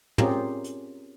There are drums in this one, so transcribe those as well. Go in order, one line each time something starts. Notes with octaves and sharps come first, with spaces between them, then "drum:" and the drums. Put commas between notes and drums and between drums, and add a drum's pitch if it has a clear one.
C4 C#4 F4 G4 G#4 A#4, drum: tom
drum: hi-hat